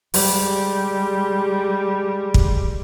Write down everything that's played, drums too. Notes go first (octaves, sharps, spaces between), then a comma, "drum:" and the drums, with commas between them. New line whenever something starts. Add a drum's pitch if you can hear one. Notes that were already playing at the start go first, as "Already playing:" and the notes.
G3 G#3, drum: open hi-hat
drum: kick